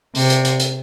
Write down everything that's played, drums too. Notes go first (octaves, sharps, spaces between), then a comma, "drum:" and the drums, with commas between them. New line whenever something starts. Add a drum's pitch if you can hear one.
C3, drum: open hi-hat
drum: hi-hat
drum: hi-hat
drum: hi-hat